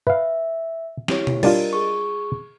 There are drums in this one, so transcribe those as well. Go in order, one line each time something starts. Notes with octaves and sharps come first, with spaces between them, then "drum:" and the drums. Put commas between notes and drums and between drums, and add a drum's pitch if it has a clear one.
B4 E5 F5
E4 G4 C#5, drum: snare
drum: tom B2
G3 D4 F4 A#4 D#5 A6, drum: cymbal
G#4 C#6